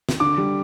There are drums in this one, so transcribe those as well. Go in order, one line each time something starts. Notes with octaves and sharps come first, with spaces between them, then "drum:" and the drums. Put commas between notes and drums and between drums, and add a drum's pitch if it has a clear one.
drum: snare
D3 D6
G3